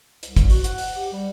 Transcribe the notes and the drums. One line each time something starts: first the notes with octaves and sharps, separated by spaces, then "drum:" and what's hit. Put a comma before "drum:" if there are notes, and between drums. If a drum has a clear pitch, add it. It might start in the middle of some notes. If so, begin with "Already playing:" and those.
C2, drum: hi-hat
drum: kick, hi-hat
F#4, drum: open hi-hat
F#5, drum: hi-hat
drum: open hi-hat
G4
G3